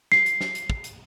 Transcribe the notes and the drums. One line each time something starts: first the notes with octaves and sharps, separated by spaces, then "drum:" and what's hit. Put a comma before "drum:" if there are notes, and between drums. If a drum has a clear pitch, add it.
C7, drum: snare
drum: hi-hat
drum: snare
drum: hi-hat
drum: kick
drum: hi-hat